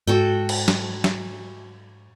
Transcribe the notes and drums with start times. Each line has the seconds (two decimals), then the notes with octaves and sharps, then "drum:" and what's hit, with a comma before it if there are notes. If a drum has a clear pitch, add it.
0.07 G#2 F#4 A4 G5
0.49 drum: cymbal
0.68 drum: snare
1.04 drum: snare